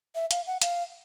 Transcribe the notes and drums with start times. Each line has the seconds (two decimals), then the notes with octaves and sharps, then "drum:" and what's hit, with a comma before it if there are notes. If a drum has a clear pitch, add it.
0.15 E5
0.31 F5, drum: hi-hat
0.47 F#5
0.62 F5, drum: hi-hat